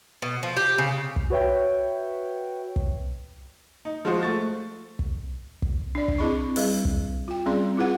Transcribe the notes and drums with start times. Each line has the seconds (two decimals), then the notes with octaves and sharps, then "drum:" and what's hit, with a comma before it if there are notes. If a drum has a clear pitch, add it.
0.22 B2
0.43 F3
0.57 G4
0.78 C#3
1.16 drum: kick
1.30 F#4 B4 C#5 E5 G5
2.76 drum: kick
3.85 D#4
4.05 F3 G#3 F4 F#4 C5
4.23 A3 C#6 A6
4.99 drum: kick
5.62 drum: kick
5.95 D4 D5
6.08 drum: kick
6.18 C4 E4 G#4 D#5 B5 C#6
6.56 G3 G#4 B4 D#5, drum: open hi-hat
6.85 drum: kick
7.28 F4 G5
7.46 G3 C4 C#4 G#4 D5 C6
7.77 E4 F4 G#4 B4 F#5